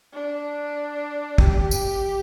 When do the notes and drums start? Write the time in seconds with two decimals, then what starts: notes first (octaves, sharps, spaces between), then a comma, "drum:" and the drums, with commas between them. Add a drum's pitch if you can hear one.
0.13 D4
1.38 G4, drum: kick
1.71 drum: tambourine